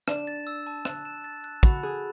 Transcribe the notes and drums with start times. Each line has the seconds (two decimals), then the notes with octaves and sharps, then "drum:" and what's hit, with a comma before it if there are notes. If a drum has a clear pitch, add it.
0.08 D4 E7, drum: rim click
0.27 A6
0.47 E6
0.67 A5
0.85 F#6, drum: rim click
1.05 E7
1.24 A6
1.44 F#6
1.63 F#4 B5, drum: kick, hi-hat
1.83 G#4 F#6